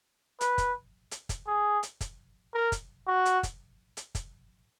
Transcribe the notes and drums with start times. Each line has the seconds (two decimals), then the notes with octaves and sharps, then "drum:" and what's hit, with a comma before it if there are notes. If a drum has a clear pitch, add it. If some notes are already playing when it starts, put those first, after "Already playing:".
0.41 B4, drum: hi-hat
0.58 drum: kick, hi-hat
1.11 drum: hi-hat
1.29 drum: kick, hi-hat
1.47 G#4
1.83 drum: hi-hat
2.01 drum: kick, hi-hat
2.54 A#4
2.72 drum: kick, hi-hat
3.08 F#4
3.25 drum: hi-hat
3.43 drum: kick, hi-hat
3.97 drum: hi-hat
4.15 drum: kick, hi-hat